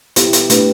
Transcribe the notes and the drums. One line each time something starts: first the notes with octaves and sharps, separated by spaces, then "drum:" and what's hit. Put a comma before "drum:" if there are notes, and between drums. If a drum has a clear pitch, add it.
B3 E4 G4 C5, drum: hi-hat
drum: hi-hat
A3 D4 G4 B4, drum: hi-hat